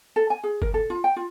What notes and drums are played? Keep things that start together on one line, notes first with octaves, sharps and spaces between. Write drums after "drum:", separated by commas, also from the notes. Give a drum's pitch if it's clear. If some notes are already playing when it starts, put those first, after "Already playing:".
A4
G#5
G#4
A#4, drum: kick F#1
A4
F4
G5
F4